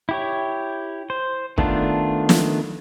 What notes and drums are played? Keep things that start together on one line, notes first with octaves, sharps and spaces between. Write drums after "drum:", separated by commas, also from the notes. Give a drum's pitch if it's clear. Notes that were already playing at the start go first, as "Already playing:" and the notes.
E4 G4 C#5
C5
D#3 A3 B3 D4 F4, drum: kick
drum: snare